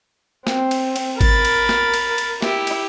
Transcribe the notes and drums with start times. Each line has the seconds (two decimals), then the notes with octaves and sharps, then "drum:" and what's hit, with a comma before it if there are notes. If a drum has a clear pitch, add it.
0.47 C4, drum: snare
0.71 drum: cymbal
0.96 drum: cymbal
1.21 A#4 B5 A6, drum: kick G#1, cymbal
1.45 drum: cymbal
1.69 drum: snare
1.94 drum: cymbal
2.18 drum: cymbal
2.42 E4 G4, drum: snare
2.67 drum: cymbal